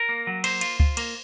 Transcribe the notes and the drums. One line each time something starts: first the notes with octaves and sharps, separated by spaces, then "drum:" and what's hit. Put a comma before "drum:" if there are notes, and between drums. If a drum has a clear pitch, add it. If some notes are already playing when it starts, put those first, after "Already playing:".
Already playing: A#4
A#3
F#3
A#3 C5, drum: cymbal
F4, drum: cymbal
F4, drum: kick C#2
A#3, drum: cymbal